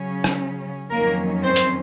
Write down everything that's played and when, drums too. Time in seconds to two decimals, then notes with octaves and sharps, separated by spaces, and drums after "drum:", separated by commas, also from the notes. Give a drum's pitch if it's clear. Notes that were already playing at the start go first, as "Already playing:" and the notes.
Already playing: C#3 F#3 C#4
0.24 drum: rim click
0.91 F2 D#3 F#3 A#3 C#4 A#4
1.43 C4 C5
1.56 drum: hi-hat